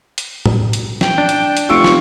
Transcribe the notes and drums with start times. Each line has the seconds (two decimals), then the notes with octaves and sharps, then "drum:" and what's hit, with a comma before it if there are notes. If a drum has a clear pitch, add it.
0.18 drum: hi-hat
0.46 drum: tom A2
0.73 drum: hi-hat
1.01 G5, drum: snare
1.18 D4
1.29 drum: hi-hat
1.57 drum: hi-hat
1.69 F1 F4 C#6 E6 D7
1.84 drum: snare